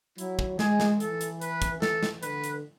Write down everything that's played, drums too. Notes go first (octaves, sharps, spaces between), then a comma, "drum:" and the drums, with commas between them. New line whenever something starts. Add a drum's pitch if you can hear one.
F#3 E4, drum: hi-hat
drum: kick
G#3 G#4, drum: snare
drum: snare
E3 A4, drum: hi-hat
drum: hi-hat
B4, drum: hi-hat
drum: kick, hi-hat
A4, drum: snare
drum: snare
D3 B4, drum: hi-hat
drum: hi-hat